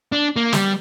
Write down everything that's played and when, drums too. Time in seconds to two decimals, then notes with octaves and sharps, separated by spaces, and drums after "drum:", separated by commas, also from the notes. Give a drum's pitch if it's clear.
0.12 D4
0.36 A#3
0.53 G3, drum: snare